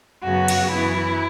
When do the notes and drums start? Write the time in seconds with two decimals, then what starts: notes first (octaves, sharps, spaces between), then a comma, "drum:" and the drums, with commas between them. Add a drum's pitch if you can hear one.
0.23 F#2 C#3 F#3 B3 F#4
0.48 drum: cymbal
0.72 F#2 E3 B3 E4